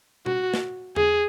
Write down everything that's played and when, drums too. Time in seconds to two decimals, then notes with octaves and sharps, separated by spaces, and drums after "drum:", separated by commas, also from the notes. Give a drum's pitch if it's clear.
0.26 F#4, drum: tom B2
0.54 drum: snare
0.96 G#4, drum: tom E2